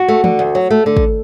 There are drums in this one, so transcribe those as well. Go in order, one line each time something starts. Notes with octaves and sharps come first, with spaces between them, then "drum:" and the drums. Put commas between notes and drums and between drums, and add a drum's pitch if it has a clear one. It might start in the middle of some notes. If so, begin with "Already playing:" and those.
Already playing: F#4
A3
D3, drum: tom E3
D2
F#3
A3
D3
drum: kick